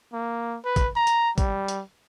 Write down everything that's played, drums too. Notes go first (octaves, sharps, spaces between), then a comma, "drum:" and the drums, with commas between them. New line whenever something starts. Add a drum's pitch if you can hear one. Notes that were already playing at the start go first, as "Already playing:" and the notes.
A#3
B4
drum: kick, hi-hat
A#5
drum: hi-hat
G3, drum: kick, hi-hat
drum: hi-hat